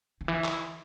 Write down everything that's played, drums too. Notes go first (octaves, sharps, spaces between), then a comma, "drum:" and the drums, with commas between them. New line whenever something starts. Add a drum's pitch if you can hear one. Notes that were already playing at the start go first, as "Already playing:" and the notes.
D3
E3
drum: clap